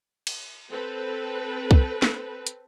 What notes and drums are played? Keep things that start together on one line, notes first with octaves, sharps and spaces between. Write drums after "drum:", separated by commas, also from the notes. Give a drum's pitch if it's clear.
drum: cymbal
C4 A4 B4
drum: kick C2
drum: snare
drum: hi-hat